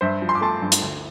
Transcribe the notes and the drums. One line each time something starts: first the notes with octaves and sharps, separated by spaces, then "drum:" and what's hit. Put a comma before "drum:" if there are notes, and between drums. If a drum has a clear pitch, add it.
G2 C5 E5
F3
C6
D6
A3 A5 C6
G2
drum: hi-hat
D2